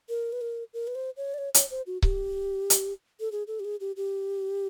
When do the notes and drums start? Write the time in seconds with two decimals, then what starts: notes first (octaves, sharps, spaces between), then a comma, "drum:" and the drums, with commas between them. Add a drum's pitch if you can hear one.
0.09 A#4
0.33 B4
0.41 A#4
0.74 A#4
0.87 B4
0.95 C5
1.17 C#5
1.34 D5
1.38 C#5
1.54 C#5, drum: hi-hat
1.71 C5
1.87 F#4
2.02 G4, drum: kick C#1
2.70 drum: hi-hat
3.20 A4
3.32 G#4
3.47 A4
3.60 G4
3.65 G#4
3.80 G4
3.97 G4